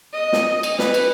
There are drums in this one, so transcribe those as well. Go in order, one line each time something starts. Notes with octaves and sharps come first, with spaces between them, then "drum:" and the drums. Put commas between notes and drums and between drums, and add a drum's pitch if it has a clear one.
D#5
drum: snare
drum: cymbal
B4, drum: snare
drum: cymbal